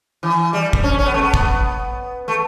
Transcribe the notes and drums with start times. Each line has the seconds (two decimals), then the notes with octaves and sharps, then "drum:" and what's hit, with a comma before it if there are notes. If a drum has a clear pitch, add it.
0.23 E3
0.53 G3
0.73 drum: kick
0.83 C#4
0.98 C#4
1.06 B3
1.14 A3
1.22 B3
1.34 drum: kick
2.28 A3